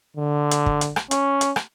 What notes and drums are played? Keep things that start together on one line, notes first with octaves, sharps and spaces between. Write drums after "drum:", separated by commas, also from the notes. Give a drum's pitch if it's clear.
D3
drum: hi-hat
drum: kick
drum: hi-hat
drum: rim click
C#4, drum: hi-hat
drum: hi-hat
drum: rim click